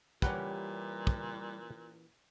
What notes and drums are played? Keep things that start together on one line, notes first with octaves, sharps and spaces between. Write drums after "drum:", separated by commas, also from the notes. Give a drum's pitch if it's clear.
A#2 E3 G3 C#4 G4 B4 F#5 A#5, drum: kick
drum: kick